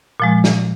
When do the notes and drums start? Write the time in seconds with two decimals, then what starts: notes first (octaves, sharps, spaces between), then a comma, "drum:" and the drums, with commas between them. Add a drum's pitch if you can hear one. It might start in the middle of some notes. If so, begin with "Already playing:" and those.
0.20 A#2 F3 G#3
0.44 drum: snare